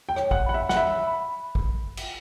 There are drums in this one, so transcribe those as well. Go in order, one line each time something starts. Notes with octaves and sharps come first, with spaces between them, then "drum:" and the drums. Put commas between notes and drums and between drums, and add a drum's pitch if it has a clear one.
G5
C#5, drum: rim click
F#5, drum: kick
F#5 B5
E5
F#5, drum: snare
E5 B5
B5
drum: kick
drum: cymbal